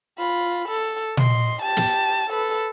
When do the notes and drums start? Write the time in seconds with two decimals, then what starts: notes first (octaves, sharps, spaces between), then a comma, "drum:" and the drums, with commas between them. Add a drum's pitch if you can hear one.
0.18 F4 B5
0.68 A4
1.17 D#5 C6, drum: tom
1.62 G4 A5
1.77 drum: snare
2.30 A4 B4